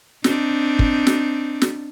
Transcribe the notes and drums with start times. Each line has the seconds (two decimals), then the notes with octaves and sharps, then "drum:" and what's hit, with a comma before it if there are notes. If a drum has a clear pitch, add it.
0.24 C4 D4 D#4, drum: snare
0.79 drum: kick
1.07 drum: snare
1.62 drum: snare